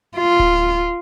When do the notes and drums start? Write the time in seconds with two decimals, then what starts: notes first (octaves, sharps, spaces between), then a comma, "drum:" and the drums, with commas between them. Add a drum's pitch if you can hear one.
0.18 F4
0.39 drum: kick D1